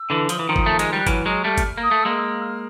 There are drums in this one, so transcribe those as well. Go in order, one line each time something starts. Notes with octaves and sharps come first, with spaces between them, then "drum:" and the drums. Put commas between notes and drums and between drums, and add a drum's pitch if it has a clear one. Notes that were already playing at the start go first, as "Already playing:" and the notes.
Already playing: E6
D3 E3
F3 D#6, drum: hi-hat
E3
D#3 F3
D#6, drum: kick G1
A3
G#3 F6, drum: hi-hat
G3
F#6
E3 F#3 F6, drum: kick G1, hi-hat
F#3 G#3
G3 A3 F6
drum: kick G1, hi-hat
A#3 D#6
A3
G#3 A#3 E6
E6
F6